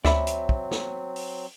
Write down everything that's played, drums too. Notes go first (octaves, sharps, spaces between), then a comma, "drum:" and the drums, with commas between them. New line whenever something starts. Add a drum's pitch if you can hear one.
D2 F#3 C4 D5 E5 B5, drum: snare
drum: hi-hat
drum: kick
drum: snare
drum: open hi-hat